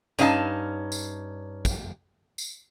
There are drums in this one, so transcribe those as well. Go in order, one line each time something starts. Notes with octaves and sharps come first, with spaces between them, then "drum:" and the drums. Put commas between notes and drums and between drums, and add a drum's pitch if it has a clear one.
G2 C#4 D#4 F5 G#5 A5, drum: tambourine
drum: tambourine
drum: kick, tambourine
drum: tambourine